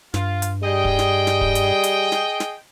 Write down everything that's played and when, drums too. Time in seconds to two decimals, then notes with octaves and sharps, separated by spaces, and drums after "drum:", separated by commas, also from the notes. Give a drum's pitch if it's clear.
0.14 G2 F4, drum: snare
0.42 drum: hi-hat
0.63 G3 G#4 D#5 G5
0.85 drum: kick
0.99 drum: snare
1.27 drum: snare
1.41 drum: kick
1.55 drum: hi-hat
1.84 drum: hi-hat
2.12 drum: snare
2.40 drum: snare